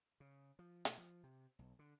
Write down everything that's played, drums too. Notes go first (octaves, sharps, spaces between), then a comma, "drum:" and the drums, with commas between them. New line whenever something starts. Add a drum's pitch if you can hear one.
C#3
F3
B2, drum: hi-hat
F3
C3
B1
D3